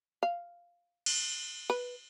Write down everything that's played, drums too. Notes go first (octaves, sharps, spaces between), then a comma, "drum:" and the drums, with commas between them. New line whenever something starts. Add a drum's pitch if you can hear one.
F5
drum: cymbal
B4